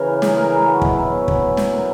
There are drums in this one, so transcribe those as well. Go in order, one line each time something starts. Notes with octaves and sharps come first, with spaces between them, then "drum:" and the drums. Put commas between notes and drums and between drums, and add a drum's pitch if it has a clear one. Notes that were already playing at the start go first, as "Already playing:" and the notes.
Already playing: C#3 E3 A#4
G#4, drum: snare
A#4
B4
F#4
B2 F#3 E4, drum: kick
B4
C#5
B4, drum: kick
drum: snare
A#4